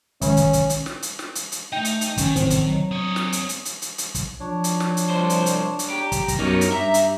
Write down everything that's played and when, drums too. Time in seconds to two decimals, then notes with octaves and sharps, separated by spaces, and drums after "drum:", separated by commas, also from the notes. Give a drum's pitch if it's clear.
0.21 D#3 G#3 C#4, drum: kick, hi-hat
0.37 drum: kick, hi-hat
0.53 drum: kick, hi-hat
0.70 drum: hi-hat
0.86 drum: snare
1.02 drum: hi-hat
1.19 drum: snare
1.35 drum: hi-hat
1.52 drum: hi-hat
1.73 A3 D#4 D#5 G5
1.85 drum: hi-hat
2.01 drum: hi-hat
2.17 D#3 C#4, drum: kick, hi-hat
2.36 A2 C4, drum: kick, hi-hat
2.50 drum: kick, hi-hat
2.63 F#3
2.91 C4 C#5 D#6
3.16 drum: snare
3.32 drum: hi-hat
3.49 drum: hi-hat
3.65 drum: hi-hat
3.82 drum: hi-hat
3.98 drum: hi-hat
4.15 drum: kick, hi-hat
4.40 F3 D4 C#5
4.64 drum: hi-hat
4.80 drum: snare
4.97 drum: hi-hat
5.10 C2 C5
5.30 drum: hi-hat
5.46 drum: hi-hat
5.79 drum: hi-hat
5.90 G4 A#5
6.12 drum: kick, hi-hat
6.28 drum: kick, hi-hat
6.39 F#2 B3 D#4 G4 A#4 C#5
6.61 drum: hi-hat
6.72 G2 G4 E5
6.94 drum: hi-hat